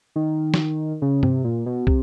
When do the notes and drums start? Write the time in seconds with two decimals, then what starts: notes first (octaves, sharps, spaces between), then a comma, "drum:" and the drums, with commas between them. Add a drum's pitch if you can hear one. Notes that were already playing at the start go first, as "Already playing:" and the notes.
0.16 D#3
0.54 drum: snare
1.02 C#3
1.23 C3, drum: tom G2
1.44 A#2
1.66 B2
1.87 C3, drum: kick